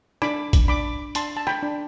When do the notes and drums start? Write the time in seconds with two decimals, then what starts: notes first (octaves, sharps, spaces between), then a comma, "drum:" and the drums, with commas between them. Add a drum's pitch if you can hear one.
0.22 D4 B5 D6, drum: rim click
0.53 drum: kick A1, hi-hat
0.68 D4 B5 D6
1.15 D4 A5 C6, drum: hi-hat
1.37 A5
1.47 G5 B5, drum: rim click
1.62 D4